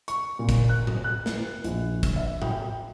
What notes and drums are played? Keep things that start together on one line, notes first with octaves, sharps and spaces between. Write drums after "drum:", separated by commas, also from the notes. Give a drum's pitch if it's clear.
C#6, drum: hi-hat
A#2
drum: kick, hi-hat
F#6
drum: tom A2
F#6
drum: snare
A#1, drum: hi-hat
drum: kick, hi-hat
E5
G5, drum: tom A2